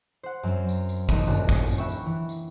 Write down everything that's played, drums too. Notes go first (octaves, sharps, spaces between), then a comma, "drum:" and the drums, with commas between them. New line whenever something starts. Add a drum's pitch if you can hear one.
C5 F#5
F#2 F#3 C4
drum: tambourine
drum: tambourine
C3 E3 A3 A#3 C4 D#4, drum: kick A1, tambourine
D#1 F#2 A#2 D4 F#4, drum: tambourine
drum: kick A1, tambourine
drum: tambourine
B4 E5 G5 C#6
drum: tambourine
E3
drum: tambourine